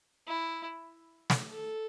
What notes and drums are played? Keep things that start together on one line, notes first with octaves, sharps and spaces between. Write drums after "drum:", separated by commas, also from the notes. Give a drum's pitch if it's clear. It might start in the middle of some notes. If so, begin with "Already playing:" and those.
E4
drum: snare
A4